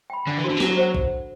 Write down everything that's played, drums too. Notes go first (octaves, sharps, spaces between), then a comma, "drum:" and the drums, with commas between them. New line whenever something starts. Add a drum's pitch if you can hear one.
G5 B5
D3 D4
E3
D3 F#4 C5
E3
F#3 A4, drum: snare
C5 F#5
drum: kick A#1